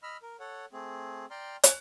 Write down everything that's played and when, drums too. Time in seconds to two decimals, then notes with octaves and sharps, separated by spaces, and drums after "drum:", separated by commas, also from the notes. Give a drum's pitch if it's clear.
0.03 D#5 B5 E6 F6
0.22 A#4
0.40 A4 C#5 F#5
0.73 A3 C4 G#4
1.31 D5 G5 A#5 C6 F6
1.64 G#5, drum: hi-hat